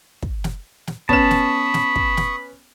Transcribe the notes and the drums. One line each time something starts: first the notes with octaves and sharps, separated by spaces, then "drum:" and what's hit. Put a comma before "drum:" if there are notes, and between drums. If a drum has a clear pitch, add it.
drum: kick
drum: snare
drum: snare
B3 C#4 A5 B5 C#6 D#6 E7, drum: kick
drum: snare
drum: snare
drum: kick
drum: snare